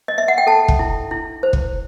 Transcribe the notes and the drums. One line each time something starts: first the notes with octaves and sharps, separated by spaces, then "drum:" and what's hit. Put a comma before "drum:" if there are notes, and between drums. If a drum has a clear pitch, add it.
D#5
E5
F#5
G5
A4 A5
drum: kick
E4
E4
C5
drum: kick